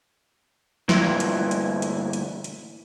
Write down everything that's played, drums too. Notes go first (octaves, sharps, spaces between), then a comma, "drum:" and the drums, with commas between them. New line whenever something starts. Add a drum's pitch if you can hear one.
D2 G2 A#2 E3, drum: snare
drum: hi-hat
drum: hi-hat
drum: hi-hat
drum: hi-hat
drum: hi-hat